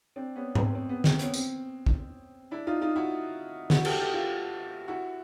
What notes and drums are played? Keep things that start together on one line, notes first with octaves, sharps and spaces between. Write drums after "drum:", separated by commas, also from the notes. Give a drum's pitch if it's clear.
C4 D4
B3 C#4
C4, drum: tom G#2
C4
B3
C4, drum: snare
B3 C#4, drum: hi-hat
C4, drum: tambourine
drum: kick
D4 E4
D#4 F4
D#4 F4
E4 F#4
E4 F#4, drum: snare
G4 A4, drum: cymbal
G4 A4
F4 G4
E4 F#4